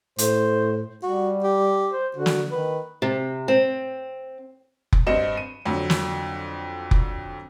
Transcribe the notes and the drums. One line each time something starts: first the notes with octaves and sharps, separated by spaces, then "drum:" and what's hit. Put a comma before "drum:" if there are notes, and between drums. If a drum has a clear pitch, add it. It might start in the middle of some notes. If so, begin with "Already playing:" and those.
A2 C5, drum: hi-hat
G3 F#4
G4
C5
D3 F#4
drum: snare
D#3 B4
C3
C4
drum: kick F1
G2 C4 D#5 C#7 E7
D#7
F2 D3 F#3
drum: snare
drum: kick F1